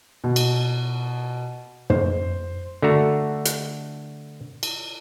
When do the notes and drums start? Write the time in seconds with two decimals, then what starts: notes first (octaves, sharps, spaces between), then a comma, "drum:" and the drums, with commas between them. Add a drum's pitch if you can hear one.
0.24 B2
0.36 drum: cymbal
1.90 C5, drum: tom
2.82 D3 A3 F#4 A#5
3.45 drum: hi-hat
4.63 drum: cymbal